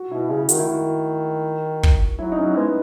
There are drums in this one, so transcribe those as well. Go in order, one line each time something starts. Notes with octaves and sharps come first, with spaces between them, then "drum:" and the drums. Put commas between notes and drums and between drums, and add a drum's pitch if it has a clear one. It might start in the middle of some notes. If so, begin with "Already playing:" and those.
Already playing: F#4
B2 E4
C#3 G#4
D#3 F#4, drum: hi-hat
E4
D#3 F#4
drum: kick
F#3 E4
D#4
F#3 C#4
G#3 B3